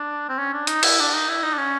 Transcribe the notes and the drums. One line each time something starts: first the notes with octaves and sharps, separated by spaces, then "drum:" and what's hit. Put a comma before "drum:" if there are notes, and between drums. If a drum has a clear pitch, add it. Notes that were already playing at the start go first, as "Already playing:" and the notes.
Already playing: D4
C4
C#4
D4
D#4, drum: hi-hat
E4, drum: cymbal
D4
D#4
E4
D#4
D4
C#4